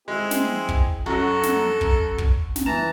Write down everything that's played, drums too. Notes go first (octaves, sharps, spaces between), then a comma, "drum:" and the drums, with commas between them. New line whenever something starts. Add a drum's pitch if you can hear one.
G#3 C4 E4 G#4
drum: snare
drum: kick
F#2 F#3 F#4 A4
drum: snare
drum: kick
drum: kick
drum: snare
E3 A5 A#5 E7